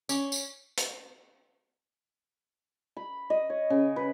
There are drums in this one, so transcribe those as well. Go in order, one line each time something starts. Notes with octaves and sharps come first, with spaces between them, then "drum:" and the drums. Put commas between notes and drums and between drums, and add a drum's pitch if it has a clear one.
C#4, drum: tambourine
drum: tambourine
drum: hi-hat
B5
D#5
C#5
C#3
B4